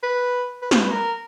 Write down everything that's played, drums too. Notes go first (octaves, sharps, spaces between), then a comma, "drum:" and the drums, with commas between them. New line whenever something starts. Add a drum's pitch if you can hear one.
B4
B4
C5, drum: snare
B4
A#4